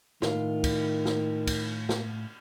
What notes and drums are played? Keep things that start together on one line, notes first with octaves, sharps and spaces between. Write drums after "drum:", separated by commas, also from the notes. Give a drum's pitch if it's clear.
A2 D#3 F4, drum: snare
drum: kick, cymbal
drum: snare
drum: kick, cymbal
drum: snare